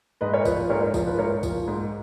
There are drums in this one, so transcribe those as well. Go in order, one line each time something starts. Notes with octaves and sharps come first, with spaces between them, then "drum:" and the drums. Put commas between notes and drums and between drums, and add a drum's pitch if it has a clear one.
G#2 B4 D#5
A#4 C#5
F3 B4, drum: kick B1, tambourine
B4
G#2 A#4 C#5
A#4 C#5
F3 A#4, drum: kick B1, tambourine
B4
G#2 A#4 C#5
F3, drum: kick B1, tambourine
G#2